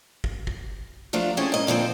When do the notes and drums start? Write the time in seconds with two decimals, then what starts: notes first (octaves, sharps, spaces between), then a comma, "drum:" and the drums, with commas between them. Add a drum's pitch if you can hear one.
0.24 drum: kick
0.47 drum: kick
1.13 F3 F#3 A3 D4 F4
1.37 C4 C#4 E4 G#4 A4
1.52 G#2 D#5
1.67 A#2 D3 F3 C4